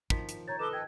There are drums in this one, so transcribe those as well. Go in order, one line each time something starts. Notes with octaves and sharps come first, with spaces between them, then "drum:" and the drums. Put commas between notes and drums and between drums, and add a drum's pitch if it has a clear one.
D#3 F3 B6, drum: kick
drum: hi-hat
C#5 A#5 G6 A6
A4 B4 D#5 D6 E7 G7
G5 G#6